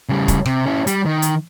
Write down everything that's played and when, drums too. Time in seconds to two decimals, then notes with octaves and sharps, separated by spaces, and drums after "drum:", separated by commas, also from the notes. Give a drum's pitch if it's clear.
0.09 C#3 G3
0.28 drum: kick, hi-hat
0.46 C3, drum: rim click
0.66 C#4 E4
0.87 G3, drum: hi-hat
1.06 D#3
1.22 drum: hi-hat